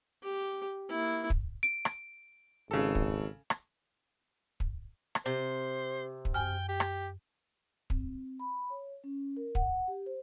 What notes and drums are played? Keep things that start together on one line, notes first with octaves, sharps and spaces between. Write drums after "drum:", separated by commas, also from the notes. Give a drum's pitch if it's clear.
G4
A#3 E4
drum: kick
D7
drum: rim click
G#1 C#3 A4
drum: kick
drum: rim click
drum: kick
drum: rim click
C3 C5
drum: kick
F#2 G5 G#5 F6
G4
drum: rim click
C4, drum: kick
B5
C#5
C#4
A#4
F#5, drum: kick
G4
C5